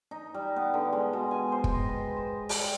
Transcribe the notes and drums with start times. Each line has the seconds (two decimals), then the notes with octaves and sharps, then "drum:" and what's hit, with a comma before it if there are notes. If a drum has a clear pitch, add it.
0.11 D#4
0.34 G3
0.56 B3
0.74 D3
0.93 G#3
1.13 B2
1.31 G#5
1.52 C5
1.64 drum: kick
1.73 D#5
1.88 B4
2.16 C5
2.49 G3, drum: open hi-hat